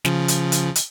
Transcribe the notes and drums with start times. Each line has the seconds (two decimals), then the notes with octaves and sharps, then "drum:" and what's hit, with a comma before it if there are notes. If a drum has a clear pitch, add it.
0.05 C#3 F3, drum: snare
0.28 drum: hi-hat
0.52 drum: hi-hat
0.76 drum: hi-hat